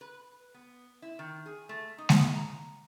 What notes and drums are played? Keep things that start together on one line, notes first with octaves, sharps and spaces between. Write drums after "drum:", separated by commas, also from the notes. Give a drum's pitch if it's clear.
B4
B3
E4
D#3
G#4
A3
D#4
drum: snare G#3
A#5